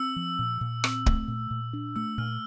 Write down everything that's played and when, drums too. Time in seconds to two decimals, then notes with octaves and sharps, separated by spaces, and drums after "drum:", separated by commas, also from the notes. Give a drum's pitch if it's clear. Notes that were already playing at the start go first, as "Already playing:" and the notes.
Already playing: C4 E6
0.16 F3
0.39 A#2
0.61 A#2
0.84 C4, drum: rim click
1.06 A3, drum: kick
1.28 A#2
1.51 A#2
1.73 D4
1.96 A3 E6
2.18 A#2 F6